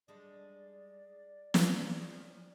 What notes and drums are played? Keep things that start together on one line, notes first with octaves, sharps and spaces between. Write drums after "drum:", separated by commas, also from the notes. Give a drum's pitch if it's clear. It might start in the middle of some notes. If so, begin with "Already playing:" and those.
G3 G#3 D4 D5
D#3 G3, drum: snare
F3 C#4